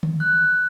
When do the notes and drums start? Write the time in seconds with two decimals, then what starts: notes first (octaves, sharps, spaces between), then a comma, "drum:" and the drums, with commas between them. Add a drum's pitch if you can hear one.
0.03 drum: tom D3
0.20 F#6